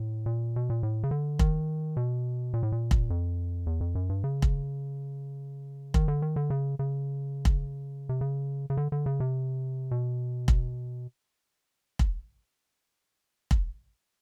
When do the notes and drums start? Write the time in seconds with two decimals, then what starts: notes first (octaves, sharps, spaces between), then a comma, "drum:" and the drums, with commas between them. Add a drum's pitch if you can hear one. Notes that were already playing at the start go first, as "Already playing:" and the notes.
Already playing: A2
0.26 A#2
0.56 B2
0.70 A#2
0.83 A2
1.03 C#3
1.11 D3
1.39 D#3, drum: kick
1.97 B2
2.54 A#2
2.63 A2
2.72 A#2
2.91 drum: kick
3.10 F2
3.66 E2
3.81 F2
3.95 F#2
4.09 G2
4.24 C#3
4.42 drum: kick
5.94 D#3, drum: kick
6.08 D3
6.22 D#3
6.36 D3
6.50 C#3
6.79 C#3
7.45 drum: kick
8.09 C3
8.21 C#3
8.70 C#3
8.77 D3
8.92 D3
9.06 C#3
9.20 C3
9.91 B2
10.48 drum: kick
11.99 drum: kick
13.51 drum: kick